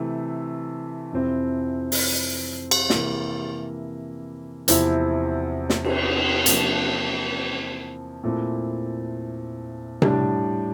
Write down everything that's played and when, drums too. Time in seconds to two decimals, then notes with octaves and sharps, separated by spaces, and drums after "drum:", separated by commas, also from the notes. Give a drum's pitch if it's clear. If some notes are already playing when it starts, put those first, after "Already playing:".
Already playing: C3 E3 A3
1.12 F2 C3 F3 C4 E4
1.92 drum: open hi-hat
2.71 drum: cymbal
2.90 C3 E3 A#3 E4, drum: snare
4.68 E2 C3 F3 C4 E4, drum: hi-hat
5.70 drum: snare
5.84 drum: cymbal
6.46 C3 F3 A#3 D4, drum: hi-hat
8.23 A#2 A3 C4 E4
10.02 A2 G3 D4, drum: tom C3